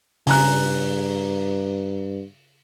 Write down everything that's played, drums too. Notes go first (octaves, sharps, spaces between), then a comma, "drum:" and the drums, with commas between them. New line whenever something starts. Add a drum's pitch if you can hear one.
G2 C#3 G#5 A#5 F#6, drum: open hi-hat